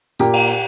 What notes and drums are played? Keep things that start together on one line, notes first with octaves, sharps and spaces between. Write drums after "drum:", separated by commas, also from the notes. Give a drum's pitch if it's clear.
A#2 A#3 G4, drum: tambourine
drum: cymbal